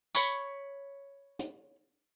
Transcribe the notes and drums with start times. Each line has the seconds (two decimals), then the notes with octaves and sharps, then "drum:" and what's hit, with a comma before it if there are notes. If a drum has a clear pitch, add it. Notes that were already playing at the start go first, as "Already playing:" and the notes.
0.15 C#5 B5 C#6, drum: tambourine
1.39 drum: hi-hat